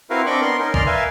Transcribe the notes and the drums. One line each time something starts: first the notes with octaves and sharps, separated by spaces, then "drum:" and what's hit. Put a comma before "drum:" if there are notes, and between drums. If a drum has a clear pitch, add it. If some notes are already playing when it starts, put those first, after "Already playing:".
C4 E4 F#4 A#4 B4 F5
C4 D4 D#5 B5 C#6 D6
B3 A#4 C6
C#4 D#4 A#4
D5 D#5 C6 F6, drum: kick
A#4 B4 E5 F5 G#5